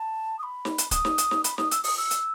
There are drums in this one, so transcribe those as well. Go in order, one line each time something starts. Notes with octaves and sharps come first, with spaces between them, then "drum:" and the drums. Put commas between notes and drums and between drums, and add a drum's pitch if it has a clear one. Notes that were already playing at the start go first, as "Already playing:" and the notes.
Already playing: A5
D#6
B5
drum: snare
drum: hi-hat
D#6, drum: kick, hi-hat
drum: snare
drum: hi-hat
drum: snare
B5, drum: hi-hat
D#6, drum: snare
E6, drum: hi-hat
D#6, drum: open hi-hat
E6
drum: hi-hat